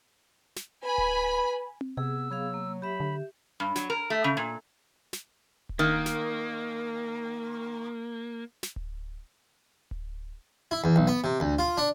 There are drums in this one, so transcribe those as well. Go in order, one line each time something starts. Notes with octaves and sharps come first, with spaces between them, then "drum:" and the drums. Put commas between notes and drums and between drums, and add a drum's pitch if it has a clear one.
drum: snare
B4 G#5 B5
drum: kick D1
drum: tom C4
C3 B3 G#4 E6
F#3 B3 G#4 F5
A#3
G4 E5 B5
D3
G2
F#3, drum: snare
A#4
A3
C#3
A#2
drum: snare
drum: kick D1
D#3 A#3
drum: snare
drum: snare
drum: kick D1
drum: kick D1
E4
E2
B1
B3
C3
D2
F4
D4